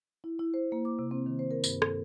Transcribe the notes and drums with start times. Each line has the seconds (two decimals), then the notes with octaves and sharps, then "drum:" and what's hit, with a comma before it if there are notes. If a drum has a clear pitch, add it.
0.24 E4
0.39 E4
0.54 C5
0.72 A#3
0.85 D6
0.99 C3
1.11 C4
1.26 D#3
1.39 C5
1.51 A#4
1.64 G2, drum: tambourine
1.82 A4, drum: rim click